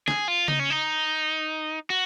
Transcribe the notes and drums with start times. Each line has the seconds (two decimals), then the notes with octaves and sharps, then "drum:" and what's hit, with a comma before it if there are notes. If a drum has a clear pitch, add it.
0.08 G#4, drum: snare
0.28 F4
0.48 D#4, drum: tom C#3
0.59 C#4
0.70 D#4
1.90 F#4